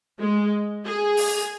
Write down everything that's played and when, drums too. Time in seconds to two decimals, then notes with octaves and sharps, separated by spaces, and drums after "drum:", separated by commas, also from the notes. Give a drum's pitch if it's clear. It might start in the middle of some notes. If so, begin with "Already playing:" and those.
0.19 G#3
0.85 G#4
1.17 drum: open hi-hat